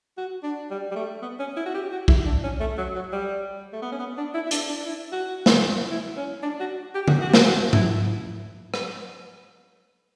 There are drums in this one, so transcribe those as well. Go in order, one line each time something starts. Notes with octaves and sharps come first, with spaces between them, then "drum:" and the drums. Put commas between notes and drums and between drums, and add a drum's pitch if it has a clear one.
F#4
D4
G3
G3
A3
B3
C#4
E4
F#4
G4
F#4
E4, drum: kick
D4
C#4
A3
F#3
F#3
G3
A3
B3
C#4
B3
D4
E4
E4
D4, drum: hi-hat
D4
E4
F#4
drum: snare
E4
C#4
D4
F#4
G4
F#4, drum: tom D3
F#4
G4
F#4, drum: snare
F#4
E4, drum: tom G#2
drum: rim click